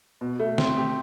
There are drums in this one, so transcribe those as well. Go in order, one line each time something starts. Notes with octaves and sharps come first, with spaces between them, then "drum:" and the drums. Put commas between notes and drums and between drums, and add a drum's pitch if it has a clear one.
B2
A3
C4, drum: snare
G4